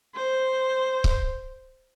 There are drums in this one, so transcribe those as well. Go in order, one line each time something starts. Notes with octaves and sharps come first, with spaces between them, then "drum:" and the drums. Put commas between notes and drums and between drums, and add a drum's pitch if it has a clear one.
C5
drum: kick C#1